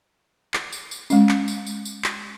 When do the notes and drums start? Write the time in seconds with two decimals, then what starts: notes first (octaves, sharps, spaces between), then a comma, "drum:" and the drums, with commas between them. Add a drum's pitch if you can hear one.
0.54 drum: clap
0.73 drum: tambourine
0.91 drum: tambourine
1.10 G#3 C#4, drum: tambourine
1.29 drum: clap
1.48 drum: tambourine
1.67 drum: tambourine
1.85 drum: tambourine
2.04 drum: clap